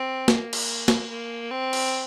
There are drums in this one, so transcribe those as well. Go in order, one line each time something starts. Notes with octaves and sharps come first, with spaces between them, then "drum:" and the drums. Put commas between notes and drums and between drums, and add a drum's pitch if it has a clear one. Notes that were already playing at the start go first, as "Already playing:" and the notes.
Already playing: C4
A#3, drum: snare
drum: cymbal
drum: snare
A#3
C4
drum: cymbal